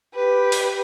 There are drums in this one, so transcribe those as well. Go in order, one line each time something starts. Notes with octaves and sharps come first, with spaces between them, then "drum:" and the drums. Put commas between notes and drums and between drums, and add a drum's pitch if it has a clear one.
G4 B4
drum: open hi-hat